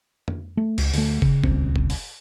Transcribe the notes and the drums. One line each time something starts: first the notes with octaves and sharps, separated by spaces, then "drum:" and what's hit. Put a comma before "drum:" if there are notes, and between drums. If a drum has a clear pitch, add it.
drum: tom F2
A3
C#2, drum: cymbal
D2 A3, drum: open hi-hat
C#3, drum: kick
D#1 C#2 C4, drum: kick
drum: kick
drum: open hi-hat